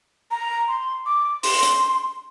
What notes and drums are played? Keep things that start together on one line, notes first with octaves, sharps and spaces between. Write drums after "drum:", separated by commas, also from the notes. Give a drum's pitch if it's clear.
A#5
C6
D6
C6, drum: open hi-hat
drum: hi-hat